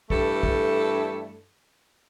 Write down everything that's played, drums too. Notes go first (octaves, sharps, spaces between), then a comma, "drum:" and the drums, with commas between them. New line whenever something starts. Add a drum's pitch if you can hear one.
G2 E3 A3 A4, drum: kick
drum: kick